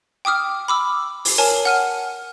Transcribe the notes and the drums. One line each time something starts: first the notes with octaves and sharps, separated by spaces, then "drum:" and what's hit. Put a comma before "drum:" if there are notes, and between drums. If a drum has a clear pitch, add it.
G5 D6 D#6 F6
B5 D6 E6
drum: open hi-hat
A#4 C#5 G#5 A5
F#5 F6 D#7